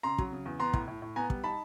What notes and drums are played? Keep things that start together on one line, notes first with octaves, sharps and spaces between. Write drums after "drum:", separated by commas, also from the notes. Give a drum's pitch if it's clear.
C#3 A#5 C6
F#3, drum: kick
C#3
E2
B3 A#5 C6
A2, drum: kick
A2
A2
B3 G#5 A#5
G3, drum: kick
D#4 A5 B5